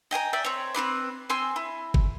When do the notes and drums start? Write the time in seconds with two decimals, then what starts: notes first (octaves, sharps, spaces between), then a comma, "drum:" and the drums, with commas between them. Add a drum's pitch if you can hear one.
0.11 D#5 G5 G#5 A#5
0.33 D5 E5 G5
0.45 C4 C#5
0.74 C4 D#4 B4 D6
1.30 C4 G#5 C6 E6
1.56 E4
1.94 drum: kick G1